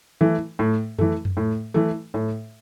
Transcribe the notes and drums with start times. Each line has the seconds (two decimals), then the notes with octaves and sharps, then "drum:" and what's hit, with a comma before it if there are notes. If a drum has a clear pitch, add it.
0.21 E3 A3
0.59 A2
0.99 E3 A3, drum: tom F2
1.25 drum: tom F2
1.37 A2
1.74 E3 A3
2.14 A2